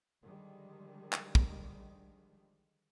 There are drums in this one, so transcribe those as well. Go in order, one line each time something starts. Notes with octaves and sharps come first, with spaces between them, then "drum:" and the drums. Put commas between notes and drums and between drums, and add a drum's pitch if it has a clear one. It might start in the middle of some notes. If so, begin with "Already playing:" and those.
D3 D#3 F3 G3 G#3
drum: clap
drum: kick